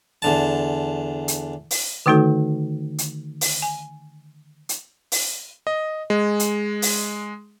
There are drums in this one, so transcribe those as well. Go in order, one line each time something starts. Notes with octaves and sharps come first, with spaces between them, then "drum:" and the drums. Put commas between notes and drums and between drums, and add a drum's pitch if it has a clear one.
E2 D3 A5
drum: hi-hat
drum: open hi-hat
D3 D#3 A3 D#4 F#4 A4
drum: hi-hat
drum: open hi-hat
G#5
drum: hi-hat
drum: open hi-hat
D#5
G#3
drum: hi-hat
drum: open hi-hat